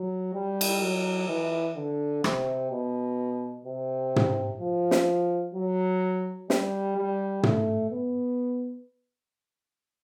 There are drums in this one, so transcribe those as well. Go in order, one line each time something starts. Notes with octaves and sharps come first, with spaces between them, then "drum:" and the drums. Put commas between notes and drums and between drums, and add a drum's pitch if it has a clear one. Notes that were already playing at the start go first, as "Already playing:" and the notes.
Already playing: F#3
G3
drum: cymbal
F#3
E3
D3
C3, drum: rim click
B2
C3
drum: tom
F3
drum: snare
F#3
G3, drum: snare
G3
A3, drum: tom
B3